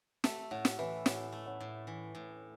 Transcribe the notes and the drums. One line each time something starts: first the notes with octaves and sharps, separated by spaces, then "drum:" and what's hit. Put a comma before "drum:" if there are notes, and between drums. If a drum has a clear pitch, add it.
A3 E5 A5, drum: snare
A2 C#5 F#5
drum: snare
E3 B4 E5
A2 C#5 F#5, drum: snare
A3
C#5 F#5
A2
E3
A2